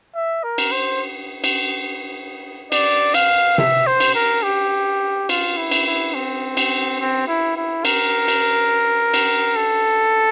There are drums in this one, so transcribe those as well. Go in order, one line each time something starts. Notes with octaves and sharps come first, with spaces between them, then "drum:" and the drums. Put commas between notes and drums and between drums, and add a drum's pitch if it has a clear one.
E5
A#4
drum: cymbal
C5
drum: cymbal
D5, drum: cymbal
F5, drum: cymbal
E5, drum: tom C3
C5
drum: cymbal
A#4
G4
F4, drum: cymbal
E4
drum: cymbal
E4
C4
drum: cymbal
C4
E4
E4
A#4, drum: cymbal
drum: cymbal
drum: cymbal
A4